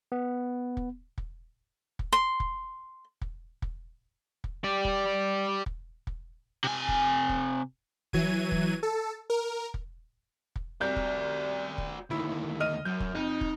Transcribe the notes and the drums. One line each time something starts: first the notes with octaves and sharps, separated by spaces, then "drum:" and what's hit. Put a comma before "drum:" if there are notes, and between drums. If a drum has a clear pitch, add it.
B3
drum: kick
drum: kick
drum: kick
C6
drum: kick
drum: kick
drum: kick
drum: kick
G4 D5
drum: kick
drum: kick
drum: kick
C3 G#5
drum: kick
drum: kick
E3 F#3 G#6 D#7, drum: kick
drum: kick
A4
A#4
drum: kick
drum: kick
C2 F#4 D5 G6
drum: kick
drum: kick
D2 D#3 E4
D#5 F6 D#7
F#2 G6
drum: kick
F2 D#4
drum: kick